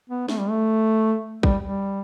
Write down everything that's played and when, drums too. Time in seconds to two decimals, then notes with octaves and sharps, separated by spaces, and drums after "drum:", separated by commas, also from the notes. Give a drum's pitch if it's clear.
0.10 B3
0.28 A3, drum: snare
0.40 G3
0.50 A3
1.43 G3, drum: kick
1.62 G3